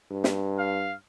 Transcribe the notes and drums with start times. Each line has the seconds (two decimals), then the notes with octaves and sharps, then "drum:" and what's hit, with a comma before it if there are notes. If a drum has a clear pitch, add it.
0.12 G2
0.24 drum: snare
0.59 F5